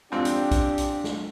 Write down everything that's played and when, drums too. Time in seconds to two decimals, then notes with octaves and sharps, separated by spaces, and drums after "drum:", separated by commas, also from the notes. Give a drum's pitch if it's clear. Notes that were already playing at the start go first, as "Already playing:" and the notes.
0.12 F2 G#2 C4 D4 G4
0.25 drum: hi-hat
0.51 drum: kick A#1, hi-hat
0.78 drum: hi-hat
1.04 drum: snare